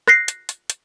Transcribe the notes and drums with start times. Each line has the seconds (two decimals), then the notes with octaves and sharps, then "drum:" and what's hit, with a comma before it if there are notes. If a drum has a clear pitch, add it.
0.08 F#6 A#6 C7, drum: rim click
0.28 drum: hi-hat
0.49 drum: hi-hat
0.70 drum: hi-hat